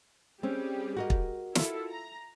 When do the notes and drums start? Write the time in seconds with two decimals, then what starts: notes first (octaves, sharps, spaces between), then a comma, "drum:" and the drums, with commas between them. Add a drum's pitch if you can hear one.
0.43 G3 C4 C#4 G4 G#4
0.97 F#4 A#4 D#5
1.10 drum: kick
1.55 E4 F4 A4, drum: snare
1.91 A#5